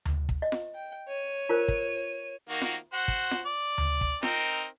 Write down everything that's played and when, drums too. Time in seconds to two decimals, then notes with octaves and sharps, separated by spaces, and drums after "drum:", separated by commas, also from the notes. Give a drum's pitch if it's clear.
0.05 drum: tom D2
0.29 drum: kick
0.42 D#5
0.52 drum: snare F4
0.75 G5
1.08 C#5 D#7
1.49 F4 A#4 C5
1.68 drum: kick
2.49 D#3 A#3 F#4
2.62 drum: snare F4
2.93 F#4 C5 F#5
3.08 drum: kick
3.31 drum: snare F4
3.46 D5
3.78 drum: tom D2
4.01 drum: kick
4.23 C4 D#4 A#4, drum: snare F4